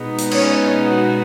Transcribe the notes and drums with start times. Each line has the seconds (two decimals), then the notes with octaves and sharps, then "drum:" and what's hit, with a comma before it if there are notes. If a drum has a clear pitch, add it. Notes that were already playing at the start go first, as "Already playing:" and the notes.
Already playing: B2 G#3 B3 D#4
0.18 drum: hi-hat
0.31 C#4 C#5, drum: cymbal
0.86 F#4